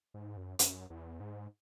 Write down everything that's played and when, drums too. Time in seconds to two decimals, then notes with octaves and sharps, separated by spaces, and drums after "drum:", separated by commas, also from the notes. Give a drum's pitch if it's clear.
0.14 G#2
0.37 F#2
0.59 F#2, drum: hi-hat
0.90 E2
1.20 G#2